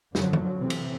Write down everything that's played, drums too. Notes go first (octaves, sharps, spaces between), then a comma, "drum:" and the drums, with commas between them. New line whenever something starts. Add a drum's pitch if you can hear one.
F#2 D3 F3 F#3, drum: snare
drum: tom D3
A2 C3 E3 C4
drum: cymbal